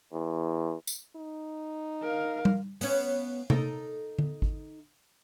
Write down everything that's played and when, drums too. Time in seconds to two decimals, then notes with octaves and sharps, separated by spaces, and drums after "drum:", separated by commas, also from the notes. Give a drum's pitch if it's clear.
0.12 E2
0.87 drum: tambourine
1.16 D#4
2.03 A#4 F5
2.45 drum: tom G3
2.81 B3 C#4, drum: open hi-hat
3.50 D#4 A4 A#4, drum: tom C3
4.19 drum: tom D3
4.42 drum: kick G#1